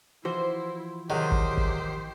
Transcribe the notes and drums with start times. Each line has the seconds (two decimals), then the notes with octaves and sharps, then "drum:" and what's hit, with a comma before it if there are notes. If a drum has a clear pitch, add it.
0.25 E3 F3 E4 F#4 C5
1.10 C3 D#3 F#3 G4 G#4 C5
1.31 drum: kick
1.57 drum: kick